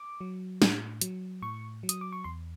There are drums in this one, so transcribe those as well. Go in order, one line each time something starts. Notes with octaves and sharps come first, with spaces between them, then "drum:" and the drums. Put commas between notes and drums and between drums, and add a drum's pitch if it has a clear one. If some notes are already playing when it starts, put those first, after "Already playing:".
Already playing: D6
F#3
A2, drum: snare
F#3, drum: hi-hat
A2 C#6
F#3
D#6, drum: hi-hat
D6
C#6
E2 C6